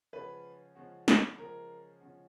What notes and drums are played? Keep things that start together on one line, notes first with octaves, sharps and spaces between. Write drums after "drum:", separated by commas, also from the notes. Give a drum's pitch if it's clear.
C#3 F3 G#3 C#4 F#4 B4
C#3 F3 G#3 C#4 F#4
drum: snare
C#3 F3 G#3 C#4 F#4 A#4
C#3 F3 G#3 C#4 F#4